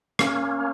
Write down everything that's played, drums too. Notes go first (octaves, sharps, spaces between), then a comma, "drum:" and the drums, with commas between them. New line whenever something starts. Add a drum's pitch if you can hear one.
A#3 C#4, drum: rim click